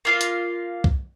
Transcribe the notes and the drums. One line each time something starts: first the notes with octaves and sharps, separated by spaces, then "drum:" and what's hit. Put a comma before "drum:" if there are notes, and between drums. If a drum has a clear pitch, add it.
A#3 F4 F5
drum: hi-hat
drum: kick C2